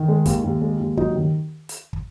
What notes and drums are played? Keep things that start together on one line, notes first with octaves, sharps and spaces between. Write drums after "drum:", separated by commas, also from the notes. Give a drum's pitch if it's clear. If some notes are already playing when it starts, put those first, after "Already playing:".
Already playing: D#3
G#3
D#2, drum: kick, hi-hat
D#2
G#3
D#2
F#3 D#4, drum: kick
D#3
drum: hi-hat
drum: kick